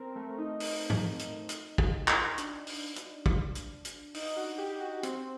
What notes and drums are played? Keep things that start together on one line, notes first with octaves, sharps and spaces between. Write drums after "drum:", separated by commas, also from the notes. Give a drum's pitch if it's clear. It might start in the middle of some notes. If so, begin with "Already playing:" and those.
Already playing: C4 A#4
A3
D#4
D#4, drum: open hi-hat
drum: tom
drum: hi-hat
drum: hi-hat
drum: kick
drum: clap
D4, drum: hi-hat
drum: open hi-hat
drum: hi-hat
drum: kick
drum: hi-hat
drum: hi-hat
D#4, drum: open hi-hat
F#4
G4
F#4
C4, drum: hi-hat